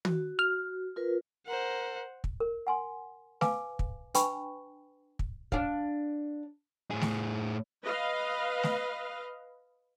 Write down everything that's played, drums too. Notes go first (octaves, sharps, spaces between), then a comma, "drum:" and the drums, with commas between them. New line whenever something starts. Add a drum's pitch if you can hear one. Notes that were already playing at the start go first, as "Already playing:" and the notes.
F#4, drum: tom
F6
F4 A#4 B4
A#4 C5 F#5
drum: kick
A#4
F#5 G#5 C6
B4 F5 G#5 A5 D6, drum: snare A3
drum: kick
D4 B4 G5 G#5 B5 C#6, drum: hi-hat
drum: kick
D4 F5, drum: kick
A2 G#4
drum: snare A3
B4 D#5 F5
drum: snare A3